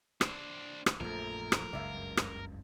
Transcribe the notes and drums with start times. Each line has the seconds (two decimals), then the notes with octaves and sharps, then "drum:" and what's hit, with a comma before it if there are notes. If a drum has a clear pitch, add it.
0.21 D4 C5, drum: rim click
0.86 drum: rim click
1.00 A#1 F#2 F3 A3 A#4
1.52 drum: rim click
1.73 F#1 C#2 G2 D5 E5 F5
2.17 drum: rim click